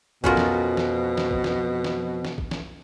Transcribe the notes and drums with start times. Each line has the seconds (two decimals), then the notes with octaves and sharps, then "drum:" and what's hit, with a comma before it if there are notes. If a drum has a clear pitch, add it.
0.24 F2 B2 B3 C#4 F4 F#4 A#4, drum: kick
0.37 drum: snare
0.77 drum: snare
1.18 drum: snare
1.31 drum: kick
1.44 drum: snare
1.84 drum: snare
2.25 drum: snare
2.38 drum: kick
2.51 drum: snare